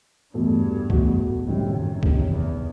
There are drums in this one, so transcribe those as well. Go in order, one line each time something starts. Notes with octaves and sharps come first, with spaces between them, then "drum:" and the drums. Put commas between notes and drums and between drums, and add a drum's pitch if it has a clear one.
E2 G2 B2 A3
E2 B2 A3 D#4 F#4, drum: kick C2
F#1 F#2 A2 D#3 G3 C4
F#2
E2 C3 D#3, drum: kick C2
E2